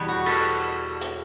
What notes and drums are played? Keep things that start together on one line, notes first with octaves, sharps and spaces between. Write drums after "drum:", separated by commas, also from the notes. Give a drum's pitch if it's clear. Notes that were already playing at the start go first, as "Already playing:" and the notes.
Already playing: E2 B2 G3
F#4
A4, drum: cymbal
drum: hi-hat